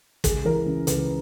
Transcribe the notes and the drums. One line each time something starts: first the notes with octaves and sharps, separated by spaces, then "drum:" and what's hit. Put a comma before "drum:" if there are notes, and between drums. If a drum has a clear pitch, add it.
C#2 G#4, drum: kick, hi-hat
E3 A#4
C#3
C#2 B4, drum: hi-hat